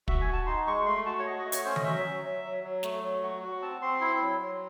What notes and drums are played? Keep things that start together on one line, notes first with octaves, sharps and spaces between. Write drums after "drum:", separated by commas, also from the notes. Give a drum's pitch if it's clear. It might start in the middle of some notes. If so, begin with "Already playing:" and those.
F#4 E5, drum: kick
G#5
F#4
A5
D#4 C6
G#3 C#6
A3 C6
F#4 A5
C#5
F#4 D#5
D#5
A3
C#5, drum: hi-hat
C#4 C5
D#5, drum: tom D#3
F#3 E5
F#3
F#3
F#3
F#3
A3, drum: snare
F#3
F#4
F#4
C4 A5
C4 C6
E4
F#3
F#3